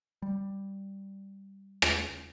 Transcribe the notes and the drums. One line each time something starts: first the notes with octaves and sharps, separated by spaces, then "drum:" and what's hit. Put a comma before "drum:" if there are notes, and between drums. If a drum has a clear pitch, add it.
G3
drum: rim click